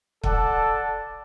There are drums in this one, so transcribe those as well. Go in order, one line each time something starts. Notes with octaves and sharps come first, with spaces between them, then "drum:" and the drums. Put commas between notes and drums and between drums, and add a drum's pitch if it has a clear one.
A4 D5 F#5 A5, drum: kick